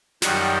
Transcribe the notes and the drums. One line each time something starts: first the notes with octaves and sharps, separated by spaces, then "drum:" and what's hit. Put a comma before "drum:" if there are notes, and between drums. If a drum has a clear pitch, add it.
F#2 D#3 G3 F#5, drum: snare